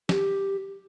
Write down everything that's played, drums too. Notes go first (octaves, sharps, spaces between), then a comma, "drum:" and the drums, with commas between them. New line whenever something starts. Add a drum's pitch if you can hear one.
G4, drum: snare